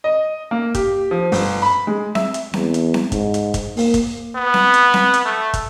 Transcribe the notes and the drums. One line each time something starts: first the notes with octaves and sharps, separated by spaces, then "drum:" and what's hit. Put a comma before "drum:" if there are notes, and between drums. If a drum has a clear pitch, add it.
D#5
A#3
G4, drum: kick, hi-hat
F3
G1, drum: open hi-hat
B5
G#3
E5, drum: snare C4
drum: hi-hat
E2, drum: snare C4
drum: hi-hat
drum: snare C4
G#2, drum: kick, hi-hat
drum: hi-hat
drum: kick, hi-hat
A#3, drum: open hi-hat
drum: kick, hi-hat
B3
drum: snare C4
drum: hi-hat
drum: snare C4
drum: hi-hat
A3
drum: kick, hi-hat